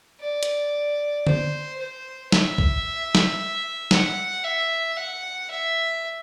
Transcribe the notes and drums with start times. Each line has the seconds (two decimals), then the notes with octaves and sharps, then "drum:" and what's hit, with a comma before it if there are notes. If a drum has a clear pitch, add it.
0.20 D5
0.43 drum: hi-hat
1.27 C5, drum: tom D3
1.79 C5
2.32 E5, drum: snare
2.58 drum: kick
3.15 drum: snare
3.91 F#5, drum: snare
4.44 E5
4.97 F#5
5.50 E5